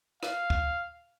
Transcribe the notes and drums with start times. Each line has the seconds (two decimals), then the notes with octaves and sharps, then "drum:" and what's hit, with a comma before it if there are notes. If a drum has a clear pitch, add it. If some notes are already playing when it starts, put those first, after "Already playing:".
0.23 F5, drum: rim click
0.50 drum: kick